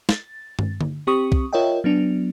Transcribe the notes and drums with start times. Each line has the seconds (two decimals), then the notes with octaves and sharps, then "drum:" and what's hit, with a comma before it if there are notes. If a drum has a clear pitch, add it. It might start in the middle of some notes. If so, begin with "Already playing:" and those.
0.09 A6, drum: snare
0.59 drum: tom
0.81 drum: tom D3
1.07 C4 G4 C#6 D#6
1.32 drum: kick C2
1.53 F4 A#4 C#5 D#5 E5 G5
1.84 F#3 B3 D4